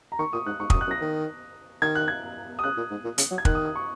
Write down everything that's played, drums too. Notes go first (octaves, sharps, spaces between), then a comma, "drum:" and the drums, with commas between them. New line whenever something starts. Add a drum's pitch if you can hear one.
A#5
D#3 C#6
A#2 D#6
G#2 F#6
G#2 C#6
F#2 D#6, drum: kick
F#6
F#2
A#6
D#3
D#3 G#6
F#6
G#6
D#6
C#3 F#6
A#2
G#2
A#2
C#3, drum: hi-hat
F#3
G#6
D#3 F#6, drum: kick
D#6
D#6
C#6